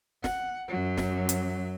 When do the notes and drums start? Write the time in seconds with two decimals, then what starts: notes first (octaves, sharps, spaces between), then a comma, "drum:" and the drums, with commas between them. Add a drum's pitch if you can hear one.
0.24 F#5, drum: snare
0.69 F#2 F#3
0.97 drum: snare
1.29 drum: hi-hat